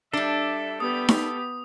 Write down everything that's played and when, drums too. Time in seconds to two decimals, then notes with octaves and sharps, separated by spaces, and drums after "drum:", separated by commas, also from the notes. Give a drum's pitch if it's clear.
0.13 G3 D4 A4 E5
0.80 B3 G4 D#6
1.09 drum: snare D#4